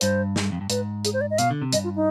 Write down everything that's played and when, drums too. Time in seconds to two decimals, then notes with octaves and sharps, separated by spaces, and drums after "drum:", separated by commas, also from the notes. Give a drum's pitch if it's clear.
0.01 G2 C5, drum: hi-hat
0.36 drum: snare
0.52 F2
0.61 G2
0.70 G#2 B4, drum: hi-hat
1.05 G#4, drum: hi-hat
1.14 C5
1.21 D5
1.31 D#5
1.38 B2 F5, drum: hi-hat
1.51 D3
1.62 C3
1.73 G2 D#5, drum: hi-hat
1.84 F4
1.96 D#4